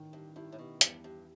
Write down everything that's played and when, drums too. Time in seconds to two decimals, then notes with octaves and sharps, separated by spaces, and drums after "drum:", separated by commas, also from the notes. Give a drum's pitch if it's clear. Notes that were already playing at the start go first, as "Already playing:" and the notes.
Already playing: A1 D#3
0.13 G2
0.36 G2 E4
0.52 A2
0.59 B2
0.81 E2 G2, drum: hi-hat
1.04 G2